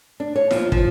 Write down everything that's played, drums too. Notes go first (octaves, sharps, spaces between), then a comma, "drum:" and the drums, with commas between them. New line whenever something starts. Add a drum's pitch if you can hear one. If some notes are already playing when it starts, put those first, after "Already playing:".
D4
C#5
F3, drum: snare D#4
F3, drum: kick